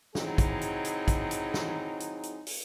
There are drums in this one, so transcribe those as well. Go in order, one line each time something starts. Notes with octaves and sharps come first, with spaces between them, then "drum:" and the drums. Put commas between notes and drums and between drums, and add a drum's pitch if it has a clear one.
F#3 C4 D#4 E4 G#4, drum: snare
drum: kick, hi-hat
drum: hi-hat
drum: hi-hat
drum: kick, hi-hat
drum: hi-hat
drum: snare
drum: hi-hat
drum: hi-hat
drum: open hi-hat